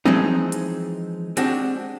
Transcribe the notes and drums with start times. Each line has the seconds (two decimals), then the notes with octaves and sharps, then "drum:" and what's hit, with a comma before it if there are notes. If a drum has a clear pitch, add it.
0.06 E3 F3 G#3 C4 D#4, drum: tom F3
0.52 drum: hi-hat
1.37 G#3 C4 D4 F#4 G4, drum: hi-hat